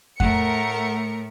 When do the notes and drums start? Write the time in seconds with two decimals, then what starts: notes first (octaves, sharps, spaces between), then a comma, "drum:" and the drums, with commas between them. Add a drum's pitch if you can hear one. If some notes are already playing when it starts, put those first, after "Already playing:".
0.20 A2 A3 A#4 F#5 C#7, drum: kick F2